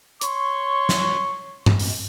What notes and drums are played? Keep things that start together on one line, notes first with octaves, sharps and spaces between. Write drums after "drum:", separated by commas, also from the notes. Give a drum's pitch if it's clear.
C#5 C6 C#6, drum: hi-hat
drum: snare
drum: tom G2
drum: open hi-hat